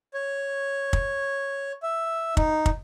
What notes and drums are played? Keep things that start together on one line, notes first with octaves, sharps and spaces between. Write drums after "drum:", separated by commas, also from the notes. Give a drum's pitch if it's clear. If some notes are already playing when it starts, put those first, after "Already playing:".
C#5
drum: kick
E5
D#4, drum: kick
drum: kick